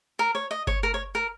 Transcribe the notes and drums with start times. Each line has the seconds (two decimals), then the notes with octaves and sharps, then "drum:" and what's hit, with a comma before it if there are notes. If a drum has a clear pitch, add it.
0.19 A#4
0.35 C#5
0.51 D#5
0.67 C#5, drum: kick G1
0.83 A#4
0.94 C#5
1.15 A#4